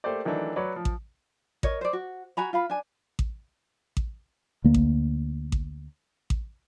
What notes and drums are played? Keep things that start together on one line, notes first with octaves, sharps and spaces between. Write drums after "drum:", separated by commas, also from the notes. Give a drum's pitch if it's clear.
A3 A#3 G4 C5 D5
D#3 E3 F#3 A3 D4
F#3 B4 C#5 D5
F3
drum: kick A1
A#4 C#5 D#5, drum: kick A1
C5 D5
F#4
F#4 G#5 A#5 B5
F4 F5 B5
D4 G#5
drum: kick A1
drum: kick A1
D2 A#3
drum: kick A1
drum: kick A1
drum: kick A1